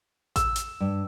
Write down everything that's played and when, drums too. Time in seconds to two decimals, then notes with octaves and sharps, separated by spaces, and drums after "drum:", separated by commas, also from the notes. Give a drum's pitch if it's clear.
0.36 E6, drum: kick A1, hi-hat
0.56 drum: hi-hat
0.80 G2